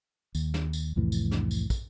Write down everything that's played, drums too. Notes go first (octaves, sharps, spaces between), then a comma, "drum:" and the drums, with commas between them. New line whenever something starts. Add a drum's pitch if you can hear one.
D#2, drum: tambourine
drum: snare
drum: tambourine
C2 F2 A2 E3
drum: tambourine
drum: snare
drum: tambourine
drum: kick, tambourine